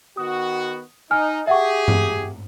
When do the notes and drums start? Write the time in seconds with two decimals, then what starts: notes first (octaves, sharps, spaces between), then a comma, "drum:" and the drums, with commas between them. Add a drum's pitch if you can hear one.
0.17 D#3 B3 F#4 D#6
1.11 D#4 G#5 F6
1.47 G4 G#4 E5 F#5 C#6
1.88 drum: tom G2